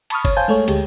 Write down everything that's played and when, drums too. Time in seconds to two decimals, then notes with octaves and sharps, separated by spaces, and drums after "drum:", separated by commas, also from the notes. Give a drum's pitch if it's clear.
0.10 A5 B5 C#6 D#6 F6, drum: cymbal
0.25 C#5, drum: kick G1, cymbal
0.37 C5 F5 G#5 A5 G6
0.48 G#3 A3 A4 C#5
0.68 D2 G#3 G4, drum: cymbal